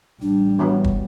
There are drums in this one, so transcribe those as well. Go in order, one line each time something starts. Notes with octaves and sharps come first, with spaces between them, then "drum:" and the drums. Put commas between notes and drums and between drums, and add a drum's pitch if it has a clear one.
A1 G3 D4
E3 F#3 B3
drum: kick